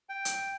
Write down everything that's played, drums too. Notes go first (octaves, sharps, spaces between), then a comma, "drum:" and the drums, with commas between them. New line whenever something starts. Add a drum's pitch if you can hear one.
G5
drum: hi-hat